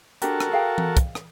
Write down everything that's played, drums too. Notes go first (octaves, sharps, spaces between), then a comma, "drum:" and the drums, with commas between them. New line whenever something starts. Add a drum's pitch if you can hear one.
D4 F#4 G4 A4 A#4, drum: hi-hat
drum: rim click
G#4 F5 G5
drum: tom E3
drum: kick, hi-hat
drum: rim click